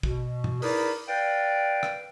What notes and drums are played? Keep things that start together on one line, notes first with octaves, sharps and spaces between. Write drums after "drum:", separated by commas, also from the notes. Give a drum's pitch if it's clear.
B2, drum: kick
drum: tom
D#4 E4 G#4 A#4 B4 D5, drum: open hi-hat
B4 D5 F5 G5
drum: rim click